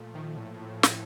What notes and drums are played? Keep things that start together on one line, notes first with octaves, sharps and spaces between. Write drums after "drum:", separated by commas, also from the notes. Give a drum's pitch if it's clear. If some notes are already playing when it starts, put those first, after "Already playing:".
Already playing: A#2 F3 A3
D#3
A2
drum: snare